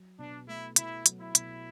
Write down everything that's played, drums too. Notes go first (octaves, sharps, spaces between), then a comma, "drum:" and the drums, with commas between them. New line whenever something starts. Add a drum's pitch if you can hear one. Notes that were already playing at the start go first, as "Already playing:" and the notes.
Already playing: F#3
B2 D4
A3 E4
B2 E4, drum: hi-hat
F#3, drum: hi-hat
E4
B2, drum: hi-hat